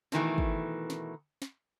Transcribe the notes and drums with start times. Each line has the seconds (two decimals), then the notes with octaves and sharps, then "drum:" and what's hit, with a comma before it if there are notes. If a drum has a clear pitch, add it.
0.12 B2 D#3 E3 A3, drum: snare
0.38 drum: kick
0.90 drum: snare
1.42 drum: snare